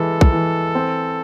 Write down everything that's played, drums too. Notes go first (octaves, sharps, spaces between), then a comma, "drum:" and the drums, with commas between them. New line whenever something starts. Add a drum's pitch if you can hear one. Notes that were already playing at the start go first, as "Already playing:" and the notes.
Already playing: E3 G#3 A4
drum: kick
E3
C4